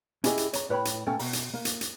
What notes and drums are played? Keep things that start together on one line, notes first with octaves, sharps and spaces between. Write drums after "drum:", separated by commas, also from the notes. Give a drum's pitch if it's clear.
C#4 E4 G4 G#4 D#5, drum: hi-hat
drum: hi-hat
C#5 A#5, drum: hi-hat
A2 B4 C#5 G5 B5
drum: hi-hat
A#2 A3 C#4 A4 G5 A5
B2 A#5, drum: open hi-hat
drum: hi-hat
A#3
drum: hi-hat
drum: hi-hat